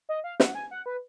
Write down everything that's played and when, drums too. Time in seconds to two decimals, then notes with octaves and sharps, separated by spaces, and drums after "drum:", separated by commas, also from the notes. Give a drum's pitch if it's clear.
0.09 D#5
0.24 F5
0.40 F#5, drum: snare
0.55 G#5
0.71 F#5
0.86 B4